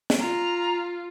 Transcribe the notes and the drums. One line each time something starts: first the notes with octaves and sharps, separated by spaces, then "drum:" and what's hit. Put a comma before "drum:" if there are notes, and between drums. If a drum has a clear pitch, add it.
drum: snare
F4 A#5